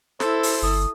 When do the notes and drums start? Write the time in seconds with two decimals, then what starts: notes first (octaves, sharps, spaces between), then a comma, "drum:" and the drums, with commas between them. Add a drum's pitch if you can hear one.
0.20 E4 A4 C5, drum: snare
0.43 drum: open hi-hat
0.62 G1 D#6